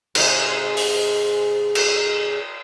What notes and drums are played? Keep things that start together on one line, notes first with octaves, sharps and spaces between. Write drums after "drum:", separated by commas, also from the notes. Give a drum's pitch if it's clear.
G#2 C3 G#3, drum: cymbal
drum: open hi-hat
drum: cymbal